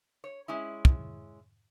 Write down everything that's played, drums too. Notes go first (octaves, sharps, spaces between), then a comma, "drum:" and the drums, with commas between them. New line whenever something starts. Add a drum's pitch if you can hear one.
C#5
G#3 C#4 E4
drum: kick